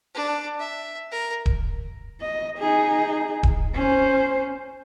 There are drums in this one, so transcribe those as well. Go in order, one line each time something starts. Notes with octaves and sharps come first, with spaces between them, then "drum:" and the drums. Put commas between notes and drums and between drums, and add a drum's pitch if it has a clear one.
D4
E5
A#4
drum: kick D#1
D#5
D#4 G#4
drum: kick D#1
C#4 C5